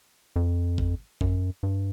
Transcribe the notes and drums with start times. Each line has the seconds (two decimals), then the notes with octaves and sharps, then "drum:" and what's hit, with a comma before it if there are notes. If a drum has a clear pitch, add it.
0.36 F2
0.78 drum: kick G#1
1.21 F#2, drum: kick G#1
1.63 G2